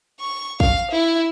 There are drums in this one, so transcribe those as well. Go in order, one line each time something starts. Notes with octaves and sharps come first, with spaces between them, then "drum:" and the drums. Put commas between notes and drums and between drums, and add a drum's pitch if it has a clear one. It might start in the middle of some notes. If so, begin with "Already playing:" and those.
C#6
F5, drum: kick
E4